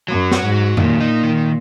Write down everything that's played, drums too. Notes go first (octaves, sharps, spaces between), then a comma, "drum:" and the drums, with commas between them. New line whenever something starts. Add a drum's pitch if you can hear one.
F#2 F#3
F#4, drum: snare
G#2
F#3
A#2 D#3, drum: tom F2
D#4
D#3